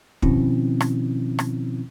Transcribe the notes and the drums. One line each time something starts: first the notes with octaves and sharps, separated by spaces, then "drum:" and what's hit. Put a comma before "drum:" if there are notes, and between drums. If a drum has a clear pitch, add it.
B2 D#3 F3 C4 C#4 E4, drum: kick
drum: rim click
drum: rim click